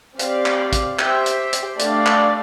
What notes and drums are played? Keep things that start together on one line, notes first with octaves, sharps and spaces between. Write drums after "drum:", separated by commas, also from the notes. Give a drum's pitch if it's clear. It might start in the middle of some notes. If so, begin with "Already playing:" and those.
C4 G4 D5 F5, drum: hi-hat
drum: clap
drum: kick, hi-hat
G4 C5 E5 G5, drum: clap
drum: hi-hat
drum: hi-hat
A3 D4 G4 D5 F5, drum: hi-hat
drum: clap